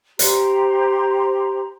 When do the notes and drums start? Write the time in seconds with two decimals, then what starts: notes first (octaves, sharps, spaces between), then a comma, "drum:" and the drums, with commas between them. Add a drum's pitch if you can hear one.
0.19 G4 C5 A#5 C6, drum: hi-hat